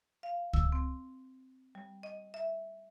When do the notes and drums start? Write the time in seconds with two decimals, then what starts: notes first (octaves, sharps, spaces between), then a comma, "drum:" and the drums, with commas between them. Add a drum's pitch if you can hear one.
0.23 F5
0.53 E6, drum: kick C#2
0.72 C4
1.75 G3
2.03 D#5
2.34 E5